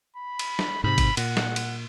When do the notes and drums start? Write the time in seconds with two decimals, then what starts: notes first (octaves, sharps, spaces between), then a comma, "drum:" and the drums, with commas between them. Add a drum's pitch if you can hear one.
0.17 B5
0.39 drum: cymbal
0.59 drum: snare
0.84 G#2 C3 B5
0.98 drum: kick G#1, cymbal
1.17 A#2 F#5, drum: cymbal
1.37 drum: snare
1.56 drum: cymbal